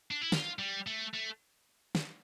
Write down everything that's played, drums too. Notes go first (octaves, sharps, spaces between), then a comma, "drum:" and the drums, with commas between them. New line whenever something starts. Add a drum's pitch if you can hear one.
D4
E4
F4, drum: snare
G3
A3
A3
drum: snare